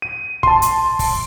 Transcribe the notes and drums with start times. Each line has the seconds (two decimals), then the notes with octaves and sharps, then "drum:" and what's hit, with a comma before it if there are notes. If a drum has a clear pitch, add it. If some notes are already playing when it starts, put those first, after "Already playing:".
0.02 D#7
0.43 A5 C6, drum: kick
0.62 drum: hi-hat
0.99 drum: kick, open hi-hat